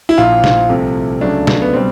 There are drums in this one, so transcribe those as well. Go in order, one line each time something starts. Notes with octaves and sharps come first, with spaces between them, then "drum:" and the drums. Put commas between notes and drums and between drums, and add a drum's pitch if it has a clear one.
E4
A#1 A#2 F3 F4
drum: snare
C2 C3 F3 A3
C#2 C#3 F#3 A3 D4
drum: snare
B3
B2 G3 C4